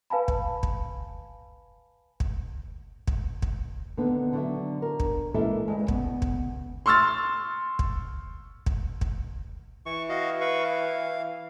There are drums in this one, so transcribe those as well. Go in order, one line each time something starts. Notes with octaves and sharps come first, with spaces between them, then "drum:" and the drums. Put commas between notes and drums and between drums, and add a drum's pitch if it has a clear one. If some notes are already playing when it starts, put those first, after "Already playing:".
B4 F5 G#5 A5 B5
drum: kick
drum: kick
drum: kick
drum: kick
drum: kick
D3 D#3 B3 C4
D3 F#3 E5
A#4
drum: kick
E3 G#3 A#3 C#4 A4 E5
D2 G2 G#3
C#3 B3, drum: kick
drum: kick
C6 C#6 E6 F6 A6
drum: kick
drum: kick
drum: kick
E3 C#6
F#4 D#5 F5
B4 F5 C#6
F5